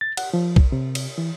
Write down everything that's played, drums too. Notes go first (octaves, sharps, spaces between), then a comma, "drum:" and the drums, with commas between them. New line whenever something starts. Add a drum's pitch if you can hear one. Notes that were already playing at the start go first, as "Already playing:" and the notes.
A6
F#5, drum: cymbal
F3
drum: kick
C3
drum: cymbal
E3